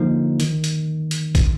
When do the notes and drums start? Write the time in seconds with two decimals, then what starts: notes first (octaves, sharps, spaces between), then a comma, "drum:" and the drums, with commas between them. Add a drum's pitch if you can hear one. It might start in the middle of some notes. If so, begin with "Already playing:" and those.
Already playing: D3 F3 A#3 D#4
0.40 D#3, drum: hi-hat
0.64 drum: hi-hat
1.11 drum: hi-hat
1.35 drum: kick A#1, hi-hat